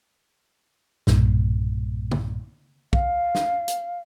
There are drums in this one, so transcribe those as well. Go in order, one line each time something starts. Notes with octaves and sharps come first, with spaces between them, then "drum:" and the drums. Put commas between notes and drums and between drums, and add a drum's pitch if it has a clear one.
B1 G2 A#2, drum: snare
drum: tom C#3
F5, drum: kick
drum: snare
drum: hi-hat